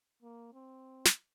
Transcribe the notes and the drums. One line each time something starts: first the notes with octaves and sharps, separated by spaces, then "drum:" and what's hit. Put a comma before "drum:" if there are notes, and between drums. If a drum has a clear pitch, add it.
A#3
C4
drum: snare